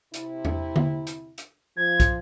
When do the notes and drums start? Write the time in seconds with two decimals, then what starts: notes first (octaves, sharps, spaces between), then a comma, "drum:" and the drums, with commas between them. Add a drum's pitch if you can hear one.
0.14 C3 E4, drum: hi-hat
0.45 drum: tom E2
0.76 drum: tom D3
1.07 drum: hi-hat
1.38 drum: hi-hat
1.77 F3 G#6
2.00 drum: kick, hi-hat